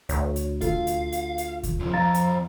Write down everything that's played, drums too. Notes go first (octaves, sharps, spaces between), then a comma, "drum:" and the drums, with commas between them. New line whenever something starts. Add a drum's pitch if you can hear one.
D2 C#5, drum: hi-hat
drum: hi-hat
F4 A4 F5, drum: kick D2, hi-hat
drum: hi-hat
drum: hi-hat
drum: hi-hat
drum: kick D2, hi-hat
F#2 F3
F2 F5 A#5 A6
drum: hi-hat